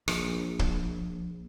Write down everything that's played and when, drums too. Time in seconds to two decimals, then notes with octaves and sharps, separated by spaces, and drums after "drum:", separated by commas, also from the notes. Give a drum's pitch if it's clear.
0.08 A#1, drum: rim click
0.59 drum: kick